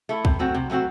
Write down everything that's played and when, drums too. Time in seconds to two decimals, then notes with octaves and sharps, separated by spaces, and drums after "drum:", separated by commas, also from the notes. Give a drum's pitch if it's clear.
0.09 A3 E4
0.25 C3, drum: kick
0.39 F#3 A3 C4 F#4
0.54 C3
0.70 F#3 A3 C4 F#4